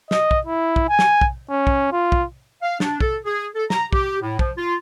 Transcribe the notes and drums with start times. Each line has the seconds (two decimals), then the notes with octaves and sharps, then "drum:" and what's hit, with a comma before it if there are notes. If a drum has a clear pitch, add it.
0.11 D#5, drum: snare
0.31 drum: kick
0.47 E4
0.76 drum: kick
0.89 G#5
0.99 drum: snare
1.21 drum: kick
1.50 C#4
1.67 drum: kick
1.92 F4
2.12 drum: kick
2.63 F5
2.80 D4, drum: snare
3.01 A4, drum: kick
3.25 G#4
3.56 A4
3.70 A#5, drum: snare
3.93 G4, drum: kick
4.22 A2
4.39 F3, drum: kick
4.58 F4